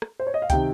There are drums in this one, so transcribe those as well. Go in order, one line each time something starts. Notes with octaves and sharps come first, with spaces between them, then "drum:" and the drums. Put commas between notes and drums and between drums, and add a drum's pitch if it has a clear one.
drum: rim click
C5
C#5
D#5
F5
C3 D#3 G5, drum: kick C#2, hi-hat